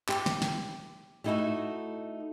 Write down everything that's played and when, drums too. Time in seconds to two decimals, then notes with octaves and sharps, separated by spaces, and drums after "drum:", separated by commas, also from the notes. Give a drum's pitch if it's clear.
0.09 G4, drum: clap
0.26 drum: snare
0.42 drum: snare
1.24 G3 A3 D#4 E4 F#4 A4